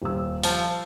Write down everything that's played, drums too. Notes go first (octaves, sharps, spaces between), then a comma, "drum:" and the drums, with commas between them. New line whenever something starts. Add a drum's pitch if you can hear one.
D#1 E6
F3 A5, drum: open hi-hat